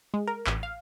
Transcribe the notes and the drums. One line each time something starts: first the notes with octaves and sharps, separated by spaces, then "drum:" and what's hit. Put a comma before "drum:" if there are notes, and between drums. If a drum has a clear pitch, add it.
G#3
A#4
A1, drum: clap
F5